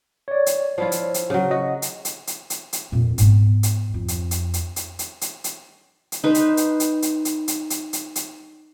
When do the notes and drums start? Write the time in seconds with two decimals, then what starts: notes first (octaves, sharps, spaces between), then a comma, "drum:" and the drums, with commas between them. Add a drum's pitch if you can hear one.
0.28 C#5 D5
0.46 drum: hi-hat
0.78 F3 E4 F4
0.92 drum: hi-hat
1.14 drum: hi-hat
1.30 C#3 F#3
1.51 F#4 D#5
1.82 drum: hi-hat
2.05 drum: hi-hat
2.27 drum: hi-hat
2.50 drum: hi-hat
2.73 drum: hi-hat
2.92 F2 A#2
3.18 G#2 B3, drum: hi-hat
3.63 drum: hi-hat
3.94 F2
4.08 drum: hi-hat
4.31 drum: hi-hat
4.54 drum: hi-hat
4.76 drum: hi-hat
4.99 drum: hi-hat
5.21 drum: hi-hat
5.44 drum: hi-hat
6.12 drum: hi-hat
6.24 D#4 B4 C5
6.35 drum: hi-hat
6.57 drum: hi-hat
6.80 drum: hi-hat
7.02 drum: hi-hat
7.25 drum: hi-hat
7.48 drum: hi-hat
7.70 drum: hi-hat
7.93 drum: hi-hat
8.16 drum: hi-hat